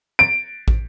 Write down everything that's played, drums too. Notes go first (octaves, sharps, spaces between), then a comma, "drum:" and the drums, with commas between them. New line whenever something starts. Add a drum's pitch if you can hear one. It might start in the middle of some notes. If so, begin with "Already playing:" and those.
D7
drum: kick